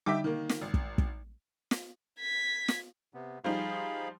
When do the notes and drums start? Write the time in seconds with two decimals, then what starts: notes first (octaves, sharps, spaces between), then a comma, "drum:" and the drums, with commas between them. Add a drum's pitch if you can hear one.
0.06 D3 G3 D#4 E5 G5 D6
0.24 D#3 A#3
0.49 drum: snare
0.61 G#1
0.74 drum: kick
0.98 drum: kick
1.71 drum: snare
2.20 G#6 B6
2.68 drum: snare
3.14 C3 B3
3.44 F3 G3 D#4 G#4 F5 B5